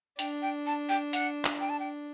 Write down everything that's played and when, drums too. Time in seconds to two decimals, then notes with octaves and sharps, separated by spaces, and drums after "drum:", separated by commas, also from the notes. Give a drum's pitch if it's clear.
0.19 D4 G5, drum: hi-hat
0.42 G5
0.66 A5
0.89 G5
1.13 F#5, drum: hi-hat
1.45 drum: clap
1.60 G5
1.70 A5
1.80 G5